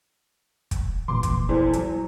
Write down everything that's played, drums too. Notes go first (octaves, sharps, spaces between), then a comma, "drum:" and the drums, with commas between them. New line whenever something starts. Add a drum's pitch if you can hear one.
drum: kick, hi-hat
A#1 A#2 E3 C6 D6
drum: kick, hi-hat
E2 E4 A4 C5
F#3, drum: hi-hat